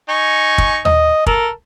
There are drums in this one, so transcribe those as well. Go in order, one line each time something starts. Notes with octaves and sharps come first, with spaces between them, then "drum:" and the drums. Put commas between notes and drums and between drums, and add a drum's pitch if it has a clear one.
D#4 G#5 C#6
drum: kick
D#5, drum: tom D#2
A4 A#4, drum: kick